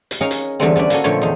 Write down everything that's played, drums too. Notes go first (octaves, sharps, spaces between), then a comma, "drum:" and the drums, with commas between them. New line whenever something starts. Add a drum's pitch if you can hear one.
drum: hi-hat
C#4 D#4 G#4 A#4 C#5 F5
drum: hi-hat
E2 D3 E3 G3 A3 C4
D3 C#4 B4 D5
A#3 C#4 F#4 A4 G#5, drum: hi-hat
A#2 D3 F3 A3 C#5
E2 D#4 C5